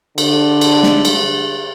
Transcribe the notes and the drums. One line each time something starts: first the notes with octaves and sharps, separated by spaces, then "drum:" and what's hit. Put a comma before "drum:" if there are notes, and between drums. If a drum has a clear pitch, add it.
D3, drum: cymbal
drum: cymbal
drum: snare
drum: cymbal